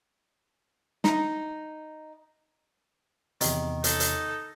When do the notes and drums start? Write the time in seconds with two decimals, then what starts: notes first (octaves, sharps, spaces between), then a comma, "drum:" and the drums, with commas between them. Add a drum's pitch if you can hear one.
1.04 D#4, drum: snare
3.41 E2 C3 D#3, drum: hi-hat
3.84 D#4 A4, drum: hi-hat
4.00 drum: hi-hat